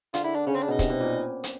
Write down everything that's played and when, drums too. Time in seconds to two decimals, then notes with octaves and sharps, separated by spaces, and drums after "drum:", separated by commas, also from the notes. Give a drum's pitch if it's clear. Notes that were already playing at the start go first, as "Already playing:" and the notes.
0.14 D3 F4, drum: hi-hat
0.24 E4
0.35 D4
0.47 C#3 C#4
0.55 C4
0.62 D4
0.68 B2 D#4
0.79 C3, drum: kick, hi-hat
0.90 B2
1.01 A#2
1.44 drum: hi-hat